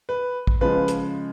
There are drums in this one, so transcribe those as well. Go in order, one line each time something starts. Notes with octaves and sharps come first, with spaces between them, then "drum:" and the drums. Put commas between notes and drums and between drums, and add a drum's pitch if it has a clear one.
B4
drum: kick
C#3 F3 G#3 B3 B4
drum: hi-hat